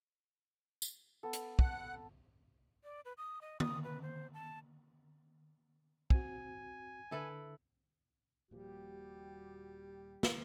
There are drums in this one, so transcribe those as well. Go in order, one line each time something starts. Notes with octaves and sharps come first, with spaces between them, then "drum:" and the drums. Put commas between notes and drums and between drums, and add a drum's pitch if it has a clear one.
drum: tambourine
B3 A4
drum: hi-hat
F#5 F#6, drum: kick
D5
B4
D#6
D#5
D#6, drum: tom D3
B4
C5
A5
C4 F#4 G#5, drum: kick
D3 E4 A4 B4
D#1 A#2 F3 G3 F#4 G4
drum: snare